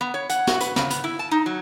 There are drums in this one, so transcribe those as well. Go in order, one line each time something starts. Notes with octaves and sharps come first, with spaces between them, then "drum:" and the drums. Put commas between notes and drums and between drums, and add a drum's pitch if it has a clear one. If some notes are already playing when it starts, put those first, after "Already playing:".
B3
C#5
F#5, drum: hi-hat
F#4, drum: snare
B4, drum: hi-hat
C#3, drum: snare
B3, drum: hi-hat
E4
A5
D#4
F#3